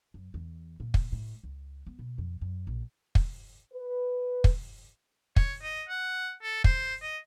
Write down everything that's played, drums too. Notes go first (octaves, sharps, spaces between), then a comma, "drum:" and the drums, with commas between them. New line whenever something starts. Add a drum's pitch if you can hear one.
F#2
E2
A#2
drum: kick
A2
C#2
B3
B2
F2
F#2
A#1
drum: kick
B4
drum: kick
C#5, drum: kick
D#5
F#5
A4
C5, drum: kick
D#5